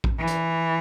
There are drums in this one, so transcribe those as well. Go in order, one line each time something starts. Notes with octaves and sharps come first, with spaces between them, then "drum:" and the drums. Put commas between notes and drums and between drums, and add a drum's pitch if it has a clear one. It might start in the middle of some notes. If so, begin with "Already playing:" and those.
drum: kick A#1
E3
drum: hi-hat